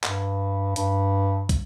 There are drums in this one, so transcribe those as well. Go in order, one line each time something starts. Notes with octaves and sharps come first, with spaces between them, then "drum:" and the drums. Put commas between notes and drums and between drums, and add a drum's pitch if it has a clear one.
G2, drum: clap
G2, drum: hi-hat
drum: kick, hi-hat